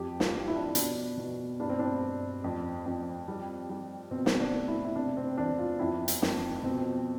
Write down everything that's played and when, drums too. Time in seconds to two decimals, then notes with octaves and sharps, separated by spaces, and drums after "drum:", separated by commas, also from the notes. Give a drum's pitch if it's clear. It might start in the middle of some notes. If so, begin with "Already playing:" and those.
Already playing: F2 G4
0.20 F4, drum: snare
0.34 G3
0.48 E4
0.55 D4
0.63 E4
0.75 B2 D4, drum: hi-hat
1.17 B2
1.60 G2 D4
1.70 C4
1.79 D4
2.02 G2
2.44 F2
2.86 F2
3.28 G3
3.70 G3
4.11 B2 C4
4.26 drum: snare
4.39 D4
4.54 A3
4.68 E4
4.85 E4
4.96 C3 D4
5.17 C4
5.38 E2 D4
5.58 F4
5.79 F2 E4
6.08 drum: hi-hat
6.22 F2, drum: snare
6.63 B2 C4